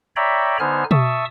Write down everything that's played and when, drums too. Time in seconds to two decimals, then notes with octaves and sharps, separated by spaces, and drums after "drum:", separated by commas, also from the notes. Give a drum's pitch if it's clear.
0.16 C#5 D5 E5 G5 A#5 B5
0.60 D3 B3 D#4 C5 G#5 F6
0.91 E5 A5 C#6 D#6 E6, drum: tom B2